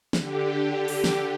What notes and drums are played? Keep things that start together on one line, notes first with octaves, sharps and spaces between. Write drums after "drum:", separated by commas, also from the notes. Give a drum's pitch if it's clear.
D3 G4, drum: snare
drum: open hi-hat
drum: snare